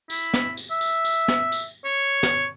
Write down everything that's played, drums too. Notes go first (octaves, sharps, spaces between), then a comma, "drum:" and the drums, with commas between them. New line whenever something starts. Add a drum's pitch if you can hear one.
E4, drum: tambourine
drum: snare
drum: tambourine
E5
drum: tambourine
drum: tambourine
drum: snare
drum: tambourine
C#5
drum: snare